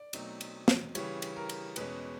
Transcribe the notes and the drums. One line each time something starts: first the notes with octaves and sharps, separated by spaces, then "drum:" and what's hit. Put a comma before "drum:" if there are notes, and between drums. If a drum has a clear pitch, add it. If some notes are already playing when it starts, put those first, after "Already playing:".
Already playing: D5
B2 F#3 A3 C4 D#4, drum: cymbal
drum: cymbal
drum: snare
C#3 E3 G3 C#5, drum: cymbal
drum: cymbal
A#4
drum: cymbal
E2 B2 G#3 C#4 B4, drum: cymbal